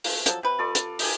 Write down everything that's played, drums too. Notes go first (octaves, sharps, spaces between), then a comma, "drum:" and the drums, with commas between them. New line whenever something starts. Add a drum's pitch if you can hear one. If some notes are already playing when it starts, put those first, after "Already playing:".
A3 A#3 F4, drum: open hi-hat
F3 F#3 A4, drum: hi-hat
C3 B4
F4 A4 D5
drum: hi-hat
D#4 G4 G#5, drum: open hi-hat